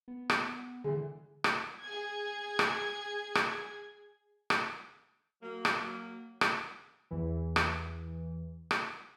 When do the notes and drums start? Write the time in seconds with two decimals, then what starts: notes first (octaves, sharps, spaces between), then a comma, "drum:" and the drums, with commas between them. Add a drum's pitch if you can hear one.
0.08 B3
0.30 drum: rim click
0.84 D3 E3 G#3
1.44 drum: rim click
1.82 G#4 G#6
2.59 drum: rim click
3.35 drum: rim click
4.50 drum: rim click
5.42 F#3 A#3
5.65 drum: rim click
6.41 drum: rim click
7.11 E2 E3
7.56 drum: rim click
8.71 drum: rim click